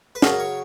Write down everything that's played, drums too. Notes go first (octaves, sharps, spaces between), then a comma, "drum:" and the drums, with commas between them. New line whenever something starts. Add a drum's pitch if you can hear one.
B4
C#3 F#3 A#4, drum: snare
C#5